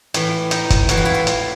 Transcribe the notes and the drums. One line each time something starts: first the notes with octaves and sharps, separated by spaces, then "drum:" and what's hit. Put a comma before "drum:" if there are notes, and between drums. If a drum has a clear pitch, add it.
A2 E3, drum: hi-hat
D#4, drum: hi-hat
drum: kick, hi-hat
A2 E3 F#4, drum: hi-hat
F4
E4
F4
drum: hi-hat